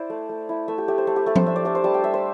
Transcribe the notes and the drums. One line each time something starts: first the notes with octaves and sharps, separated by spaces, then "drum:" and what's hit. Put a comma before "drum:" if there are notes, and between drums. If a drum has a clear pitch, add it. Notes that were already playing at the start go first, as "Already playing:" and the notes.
Already playing: E4 C5 D5
A3
A3
E4
A3 E5
G4
A3 G4
C5
A3 A4
G4
A3 A4
C5, drum: tom F3
D4 E5
D5
D4 A4
C5
G3 A5
G5
G3 E5
C5